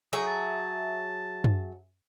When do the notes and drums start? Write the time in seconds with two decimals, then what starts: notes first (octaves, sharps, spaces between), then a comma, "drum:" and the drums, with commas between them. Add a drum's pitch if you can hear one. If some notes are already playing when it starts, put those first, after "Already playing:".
0.13 F#3 D#4 G#4 E5
0.27 A5
1.44 drum: tom F#2